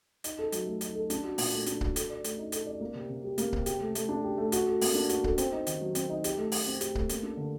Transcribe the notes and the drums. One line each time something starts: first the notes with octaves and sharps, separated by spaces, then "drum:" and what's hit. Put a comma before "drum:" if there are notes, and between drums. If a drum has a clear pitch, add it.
D#4, drum: hi-hat
A4
F#3, drum: hi-hat
A3
D#4, drum: hi-hat
A4
D4, drum: hi-hat
F#4
A#2, drum: open hi-hat
A3
D4, drum: hi-hat
F#4, drum: kick C#1
A4, drum: hi-hat
D5
A3, drum: hi-hat
D#4
A4, drum: hi-hat
D5
A#3
C3
C3
G3
A#3, drum: hi-hat
C3, drum: kick C#1
G4, drum: hi-hat
A3
A3, drum: hi-hat
D4
G4
A3
F#4, drum: hi-hat
A4
A#3, drum: open hi-hat
D4
F#4, drum: hi-hat
A4, drum: kick C#1
C4, drum: hi-hat
D#4
D#3, drum: hi-hat
F#3
C4, drum: hi-hat
D#4
G4, drum: hi-hat
A3
A3, drum: open hi-hat
C4
G4, drum: hi-hat
A3, drum: kick C#1
A#3, drum: hi-hat
D4
D3